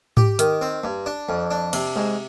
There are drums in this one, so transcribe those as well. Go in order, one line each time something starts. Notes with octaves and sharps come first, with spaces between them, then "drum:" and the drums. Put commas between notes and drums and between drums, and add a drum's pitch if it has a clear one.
G4, drum: tom G#2
D#3, drum: hi-hat
C4
G2
D4
F2
D4
C3, drum: cymbal
G#2